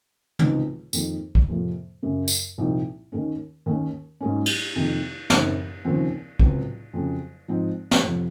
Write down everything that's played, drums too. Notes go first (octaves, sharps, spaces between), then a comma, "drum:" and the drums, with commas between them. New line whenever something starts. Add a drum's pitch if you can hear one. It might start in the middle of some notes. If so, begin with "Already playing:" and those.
C#2 C3 F#3 C4 D#4, drum: tom
F2 D#3 A#3 D#4, drum: tambourine
drum: kick
F2 C3 F3 A#3
F#2 C#3 F#3
drum: tambourine
C2 A#2 F3 C4 D#4
D#2 D#3 A#3 C#4
D#2 D#3 A#3 C#4
G#2 F#3 A#3 C#4
drum: cymbal
F2 C3 D#3 A#3
F#2 C#3 F#3 C4 D#4, drum: snare
D#2 C#3 F3 C4
C#2 C3 F#3 C4, drum: kick
F2 C#3 F#3
G#2 F3 C4 D#4
drum: snare
F2 C3 F3